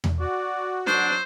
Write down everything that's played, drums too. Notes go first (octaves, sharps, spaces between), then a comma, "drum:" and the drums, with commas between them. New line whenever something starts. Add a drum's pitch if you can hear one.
drum: tom E2
F#4 D5
F#3 D4 C5, drum: snare D4